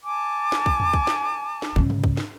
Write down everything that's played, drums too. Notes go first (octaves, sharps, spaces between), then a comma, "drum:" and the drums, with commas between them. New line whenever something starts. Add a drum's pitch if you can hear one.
G#5 A5 D6
drum: snare
drum: kick
drum: tom E2
drum: kick
drum: snare
drum: snare
G#2 C#3, drum: kick
drum: tom B2
drum: kick
drum: snare